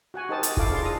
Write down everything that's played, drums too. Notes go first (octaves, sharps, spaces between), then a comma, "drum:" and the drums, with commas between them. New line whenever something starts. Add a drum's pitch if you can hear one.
F#4 F#5 G#5
D#4 G4 A#4 C5 A5 D#6
drum: hi-hat
E4 F4 A4 F5 A5 D6, drum: kick
D4 G#4 A5 C6
A#5 D#6